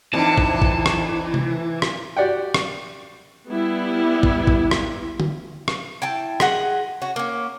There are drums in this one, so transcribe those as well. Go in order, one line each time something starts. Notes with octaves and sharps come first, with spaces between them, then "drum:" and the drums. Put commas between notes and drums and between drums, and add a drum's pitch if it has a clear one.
F2 D3 E3 C4 D#4 A5
drum: kick
drum: kick
drum: rim click
drum: tom C3
drum: rim click
F#4 G4 D5 F#5 G5
drum: rim click
G3 B3 E4
drum: kick
drum: kick
drum: rim click
drum: tom D3
drum: rim click
E4 G5 A5
G#4 D#5 F#5, drum: rim click
C#4 F#4
A#3 C#4